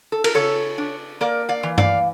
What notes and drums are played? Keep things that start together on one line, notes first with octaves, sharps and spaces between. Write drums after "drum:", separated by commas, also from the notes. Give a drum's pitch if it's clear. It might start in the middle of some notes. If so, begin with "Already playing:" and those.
A4
A#4, drum: cymbal
C#3 A4 C#5
D4
A#3 A#4 D5
D5 F5
E3
D5 F5, drum: tom